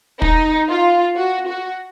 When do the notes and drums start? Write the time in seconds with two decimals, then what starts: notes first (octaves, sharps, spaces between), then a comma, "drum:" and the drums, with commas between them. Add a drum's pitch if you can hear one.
0.22 D#4, drum: kick
0.69 F4
1.17 F#4
1.48 F#4